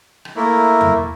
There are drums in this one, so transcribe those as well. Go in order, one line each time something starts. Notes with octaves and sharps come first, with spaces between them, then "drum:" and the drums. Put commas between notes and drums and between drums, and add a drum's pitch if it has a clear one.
drum: rim click
A3 A#3 E4
drum: tom E2